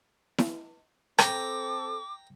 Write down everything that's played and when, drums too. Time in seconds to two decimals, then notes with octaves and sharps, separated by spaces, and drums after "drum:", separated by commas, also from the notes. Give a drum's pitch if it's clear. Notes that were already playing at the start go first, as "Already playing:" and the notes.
0.38 drum: snare E4
1.19 C4 A4 G5 A#5 D6, drum: rim click